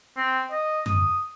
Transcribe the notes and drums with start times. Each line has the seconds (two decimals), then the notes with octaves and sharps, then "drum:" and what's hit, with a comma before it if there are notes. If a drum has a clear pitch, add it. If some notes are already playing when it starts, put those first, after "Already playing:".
0.17 C4
0.51 D#5
0.86 D#6, drum: tom F#2